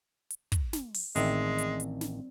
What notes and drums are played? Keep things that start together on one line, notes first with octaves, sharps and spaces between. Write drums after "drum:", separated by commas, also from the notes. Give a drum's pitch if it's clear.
drum: hi-hat
drum: kick, hi-hat
drum: snare
drum: open hi-hat
A1 D#3 G#3 C4 D5 E5, drum: hi-hat
drum: hi-hat
drum: hi-hat
drum: snare